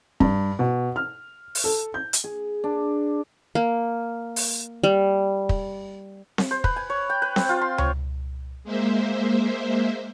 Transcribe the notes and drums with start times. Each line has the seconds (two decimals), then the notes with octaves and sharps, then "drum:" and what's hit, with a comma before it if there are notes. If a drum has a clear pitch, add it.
0.20 G2, drum: kick
0.59 B2
0.96 F6
1.55 drum: open hi-hat
1.64 A4
1.94 G6
2.13 drum: hi-hat
2.24 G#4
2.64 D4
3.55 A#3
4.36 drum: open hi-hat
4.84 G3
5.49 drum: kick
6.38 drum: snare C4
6.51 C5
6.64 B4, drum: kick
6.76 G#5
6.90 C#5
7.10 G5
7.22 B4
7.36 C4, drum: snare C4
7.49 F4
7.61 C6
7.78 C#5, drum: tom C#2
8.64 G#3 A#3 C5 E5